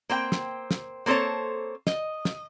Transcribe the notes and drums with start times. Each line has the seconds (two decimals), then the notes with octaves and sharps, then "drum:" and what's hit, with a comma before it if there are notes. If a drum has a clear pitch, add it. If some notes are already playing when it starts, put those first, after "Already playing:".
0.09 A#3 C4 G5
0.32 drum: snare
0.71 drum: snare
1.06 A#3 C4 A4 C5 C#5
1.87 D#5, drum: snare
2.25 drum: snare